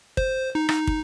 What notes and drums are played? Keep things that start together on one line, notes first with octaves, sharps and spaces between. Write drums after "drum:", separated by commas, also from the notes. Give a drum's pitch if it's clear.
C5, drum: kick
D#4
D#4, drum: rim click
drum: kick